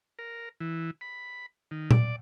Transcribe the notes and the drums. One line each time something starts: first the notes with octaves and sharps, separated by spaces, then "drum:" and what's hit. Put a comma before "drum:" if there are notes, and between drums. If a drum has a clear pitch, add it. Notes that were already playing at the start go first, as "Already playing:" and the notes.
A#4
E3
B5
D#3
D5, drum: tom A#2